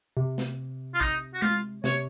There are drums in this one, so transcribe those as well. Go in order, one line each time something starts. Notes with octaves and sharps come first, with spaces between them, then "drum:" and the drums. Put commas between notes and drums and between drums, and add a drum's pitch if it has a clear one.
C3
drum: snare
F4
D#4, drum: kick
F#4
F4, drum: tom G#3
C3 C#5, drum: snare